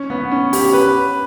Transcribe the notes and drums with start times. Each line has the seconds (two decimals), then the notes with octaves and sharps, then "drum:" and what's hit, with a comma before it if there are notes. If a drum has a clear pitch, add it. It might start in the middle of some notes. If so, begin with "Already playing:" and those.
Already playing: C#4
0.10 B3
0.31 C#4
0.53 G4, drum: open hi-hat
0.73 B4